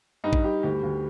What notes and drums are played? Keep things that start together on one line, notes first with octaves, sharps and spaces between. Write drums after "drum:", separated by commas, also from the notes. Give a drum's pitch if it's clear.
G2 D#4
drum: kick
G2 G4
D2 G4
D2